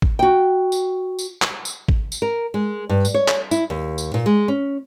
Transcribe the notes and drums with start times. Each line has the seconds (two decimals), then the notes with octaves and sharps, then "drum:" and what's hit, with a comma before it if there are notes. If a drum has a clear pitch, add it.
0.02 drum: kick G#1
0.19 F#4 G5
0.72 drum: tambourine
1.19 drum: tambourine
1.42 drum: clap
1.65 drum: tambourine
1.88 drum: kick G#1
2.12 drum: tambourine
2.22 A#4
2.54 G#3
2.89 G2
3.05 drum: tambourine
3.14 C#5
3.28 drum: clap
3.51 E4, drum: tambourine
3.70 D#2
3.98 drum: tambourine
4.14 A#2
4.26 G#3
4.48 C#4